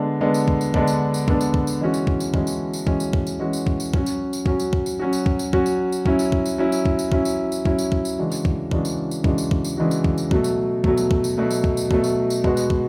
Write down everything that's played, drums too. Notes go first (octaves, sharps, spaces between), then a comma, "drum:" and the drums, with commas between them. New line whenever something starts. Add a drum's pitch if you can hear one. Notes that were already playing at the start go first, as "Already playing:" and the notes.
Already playing: D3 G#3 B3 D4
D3 G#3 B3 D4
drum: tambourine
drum: kick
drum: tambourine
D3 G#3 B3 D4, drum: kick
drum: tambourine
drum: tambourine
D3 G#3 B3 D4, drum: kick
drum: tambourine
drum: kick
drum: tambourine
E3 G#3 C#4 F#4
drum: tambourine
drum: kick
drum: tambourine
E3 G#3 C#4 F#4, drum: kick
drum: tambourine
drum: tambourine
E3 G#3 C#4 F#4, drum: kick
drum: tambourine
drum: kick
drum: tambourine
E3 G#3 C#4 F#4
drum: tambourine
drum: kick
drum: tambourine
F#3 C#4 F#4, drum: kick
drum: tambourine
drum: tambourine
F#3 C#4 F#4, drum: kick
drum: tambourine
drum: kick
drum: tambourine
F#3 C#4 F#4
drum: tambourine
drum: kick
drum: tambourine
F#3 C#4 F#4, drum: kick
drum: tambourine
drum: tambourine
F#3 C#4 E4, drum: kick
drum: tambourine
drum: kick
drum: tambourine
F#3 C#4 E4
drum: tambourine
drum: kick
drum: tambourine
F#3 C#4 E4, drum: kick
drum: tambourine
drum: tambourine
F#3 C#4 E4, drum: kick
drum: tambourine
drum: kick
drum: tambourine
C#3 E3 G#3 D4 F#4
drum: tambourine
drum: kick
C#3 E3 G#3 D4 F#4, drum: kick
drum: tambourine
drum: tambourine
C#3 E3 G#3 D4 F#4, drum: kick
drum: tambourine
drum: kick
drum: tambourine
C#3 E3 G#3 D4 F#4
drum: tambourine
drum: kick
drum: tambourine
B2 F#3 A3, drum: kick
drum: tambourine
B2 F#3 A3, drum: kick
drum: tambourine
drum: kick
drum: tambourine
B2 F#3 A3
drum: tambourine
drum: kick
drum: tambourine
B2 F#3 A3, drum: kick
drum: tambourine
drum: tambourine
B2 G#3 B3 F#4, drum: kick
drum: tambourine
drum: kick